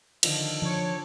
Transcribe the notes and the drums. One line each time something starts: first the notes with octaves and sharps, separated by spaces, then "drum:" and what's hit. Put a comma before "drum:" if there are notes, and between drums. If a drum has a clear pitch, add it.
D3 D#3 F3, drum: cymbal
D3 F3 D4 C#5